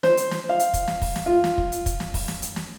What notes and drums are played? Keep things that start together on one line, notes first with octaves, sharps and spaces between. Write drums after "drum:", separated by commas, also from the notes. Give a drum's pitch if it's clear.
C5, drum: snare
drum: hi-hat
drum: snare
F5
drum: hi-hat
drum: kick, hi-hat
drum: snare
drum: kick, open hi-hat
drum: snare
F4
drum: snare
drum: kick
drum: hi-hat
drum: kick, hi-hat
drum: snare
drum: kick, open hi-hat
drum: snare
drum: hi-hat
drum: snare